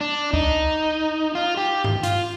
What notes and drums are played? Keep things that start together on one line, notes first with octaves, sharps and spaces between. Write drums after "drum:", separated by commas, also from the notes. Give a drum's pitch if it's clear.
D4
D#4, drum: kick
F4
G4
drum: tom G2
F4, drum: hi-hat